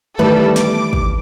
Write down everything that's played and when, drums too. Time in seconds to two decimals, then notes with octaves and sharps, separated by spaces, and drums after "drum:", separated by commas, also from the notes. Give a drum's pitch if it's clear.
0.19 F#2 D#3 E3 G3 A3 A4 B4
0.56 D6, drum: snare
0.93 drum: kick